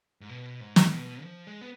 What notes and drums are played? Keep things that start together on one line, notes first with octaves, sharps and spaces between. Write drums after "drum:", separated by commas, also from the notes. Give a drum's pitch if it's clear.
G#2
B2
G#2
drum: snare
G#2
B2
F3
G#3
B3